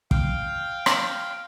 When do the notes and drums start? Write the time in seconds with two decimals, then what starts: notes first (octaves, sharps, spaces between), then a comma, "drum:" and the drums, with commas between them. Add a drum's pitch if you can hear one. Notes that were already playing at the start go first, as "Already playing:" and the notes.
0.11 F5 G5, drum: kick
0.86 drum: rim click